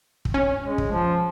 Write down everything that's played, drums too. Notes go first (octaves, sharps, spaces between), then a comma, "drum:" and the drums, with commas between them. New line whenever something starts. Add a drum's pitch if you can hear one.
drum: kick
C#4
G#3
drum: kick
F3